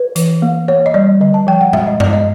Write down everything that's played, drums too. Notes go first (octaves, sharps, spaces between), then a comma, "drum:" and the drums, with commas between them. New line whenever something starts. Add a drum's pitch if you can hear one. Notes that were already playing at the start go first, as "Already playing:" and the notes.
Already playing: B4
E3, drum: hi-hat
A#3
A#3 C#5
D#5
G3 D5
D3 D#5
A5
F3 G5
F#5
G#3 E5, drum: tom A#2
D#5
G#3 D5, drum: tom G2
D#5